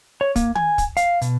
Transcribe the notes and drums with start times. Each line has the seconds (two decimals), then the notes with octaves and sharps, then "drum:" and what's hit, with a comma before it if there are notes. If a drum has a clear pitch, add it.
0.21 C#5
0.36 A#3, drum: kick, hi-hat
0.55 G#5, drum: tom
0.78 drum: kick, hi-hat
0.97 F5, drum: hi-hat
1.22 B2, drum: hi-hat